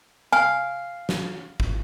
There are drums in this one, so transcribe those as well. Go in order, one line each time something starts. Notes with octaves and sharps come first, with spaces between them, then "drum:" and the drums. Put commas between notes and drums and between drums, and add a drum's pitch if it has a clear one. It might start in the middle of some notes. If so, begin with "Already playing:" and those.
F5 G#5
drum: snare
drum: kick